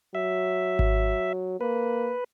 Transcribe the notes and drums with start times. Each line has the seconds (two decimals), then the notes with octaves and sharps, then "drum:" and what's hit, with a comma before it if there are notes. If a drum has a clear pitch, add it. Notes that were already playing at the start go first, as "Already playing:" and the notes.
0.15 F#3 E5
0.79 drum: kick G#1
1.61 A#3 B4